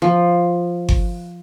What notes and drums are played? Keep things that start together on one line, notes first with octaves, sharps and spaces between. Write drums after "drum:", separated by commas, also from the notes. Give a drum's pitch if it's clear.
F3
drum: kick G1